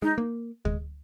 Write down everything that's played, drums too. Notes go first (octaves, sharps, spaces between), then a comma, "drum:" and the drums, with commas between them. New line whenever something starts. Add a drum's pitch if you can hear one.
G#3 D#4
A#3
G#3, drum: kick D2